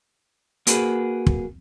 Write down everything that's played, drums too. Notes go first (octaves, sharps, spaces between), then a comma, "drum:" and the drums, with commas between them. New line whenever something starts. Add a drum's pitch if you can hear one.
A#3 F#4 G#4 B4, drum: hi-hat
drum: kick